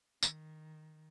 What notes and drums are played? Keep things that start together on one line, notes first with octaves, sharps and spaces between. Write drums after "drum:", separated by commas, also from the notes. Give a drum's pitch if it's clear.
D#3, drum: tambourine